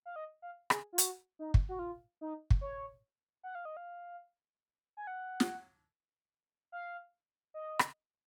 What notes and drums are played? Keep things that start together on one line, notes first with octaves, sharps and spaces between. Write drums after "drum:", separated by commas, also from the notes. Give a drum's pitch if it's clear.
F5
D#5
F5
G#4, drum: rim click
F4
F#4, drum: hi-hat
D#4
drum: kick
F#4
F4
D#4
drum: kick
C#5
F#5
F5
D#5
F5
G#5
F#5
drum: snare
F5
D#5
drum: rim click